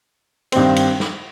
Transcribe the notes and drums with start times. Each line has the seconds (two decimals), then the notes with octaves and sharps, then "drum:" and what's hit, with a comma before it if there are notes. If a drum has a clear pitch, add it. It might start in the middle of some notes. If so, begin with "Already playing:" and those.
0.52 G2 D#3 C4, drum: cymbal
0.76 drum: cymbal
1.00 drum: snare